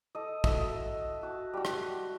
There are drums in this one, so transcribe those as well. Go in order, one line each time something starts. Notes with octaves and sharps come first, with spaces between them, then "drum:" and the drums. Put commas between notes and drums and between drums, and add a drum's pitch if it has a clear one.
A4 D#5
F#4 A4 D#5 E5, drum: kick
F#4 A5
G3 F#4
drum: rim click